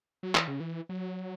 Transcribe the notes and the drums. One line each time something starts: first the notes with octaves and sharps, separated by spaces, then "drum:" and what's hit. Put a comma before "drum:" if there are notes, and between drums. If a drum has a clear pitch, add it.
F#3
E3, drum: clap
C#3
E3
F#3